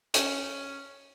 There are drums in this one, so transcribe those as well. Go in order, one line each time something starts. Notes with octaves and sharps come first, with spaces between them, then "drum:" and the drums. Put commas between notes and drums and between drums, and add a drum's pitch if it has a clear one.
C#4, drum: hi-hat